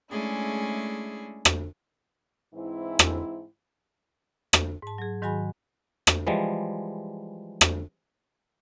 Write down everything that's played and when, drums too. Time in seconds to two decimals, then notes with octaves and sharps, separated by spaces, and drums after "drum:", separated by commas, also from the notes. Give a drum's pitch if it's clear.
0.10 G#3 A3 C#4 D4 E4 G#4
1.45 drum: rim click
2.54 G#2 E3 C4 E4
2.99 drum: rim click
4.53 drum: rim click
4.82 G#2 A5
4.98 F#3 G#4
5.22 G#2 D#3 F#3 F#4 G#5 B5
6.07 drum: rim click
6.27 E3 F3 G3 G#3
7.61 drum: rim click